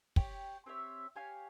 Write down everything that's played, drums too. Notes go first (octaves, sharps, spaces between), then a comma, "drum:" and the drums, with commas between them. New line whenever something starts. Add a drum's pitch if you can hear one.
G4 C#5 G5, drum: kick
C4 G4 C#5 E5
G4 C#5 F5 G#5